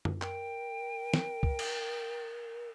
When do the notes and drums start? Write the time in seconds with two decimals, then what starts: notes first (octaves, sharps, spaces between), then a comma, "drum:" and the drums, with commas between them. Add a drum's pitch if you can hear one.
0.05 drum: tom F#2
0.22 A#4 G5, drum: clap
1.14 drum: snare
1.43 drum: kick
1.59 drum: cymbal